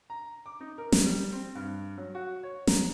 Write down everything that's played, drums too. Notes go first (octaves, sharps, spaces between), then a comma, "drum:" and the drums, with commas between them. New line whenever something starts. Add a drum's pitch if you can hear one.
A#5
D6
D#4
A#4
drum: snare
G3
C4
G2
F#3
F#4
C#5
A#5, drum: snare